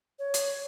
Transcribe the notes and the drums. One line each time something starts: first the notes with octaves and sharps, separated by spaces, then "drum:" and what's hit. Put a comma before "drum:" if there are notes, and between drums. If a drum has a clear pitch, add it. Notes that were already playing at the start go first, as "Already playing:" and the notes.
C#5
drum: hi-hat